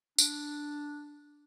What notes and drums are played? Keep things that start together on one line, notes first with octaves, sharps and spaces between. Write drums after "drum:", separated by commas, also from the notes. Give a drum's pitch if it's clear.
D4, drum: tambourine